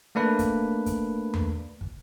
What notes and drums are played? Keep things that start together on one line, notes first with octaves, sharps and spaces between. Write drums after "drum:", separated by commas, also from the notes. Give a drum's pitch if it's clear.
A3 A#3 D4 B4
drum: kick, hi-hat
drum: kick, hi-hat
drum: tom E2
drum: kick